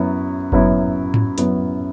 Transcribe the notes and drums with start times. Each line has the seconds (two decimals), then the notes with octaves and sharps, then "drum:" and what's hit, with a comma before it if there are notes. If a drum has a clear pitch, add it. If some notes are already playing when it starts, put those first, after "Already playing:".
Already playing: F#2 F#3 B3 E4
0.52 F#2 F#3 B3 E4, drum: kick G1
1.14 drum: tom G#2
1.38 F#2 F#3 B3 E4, drum: hi-hat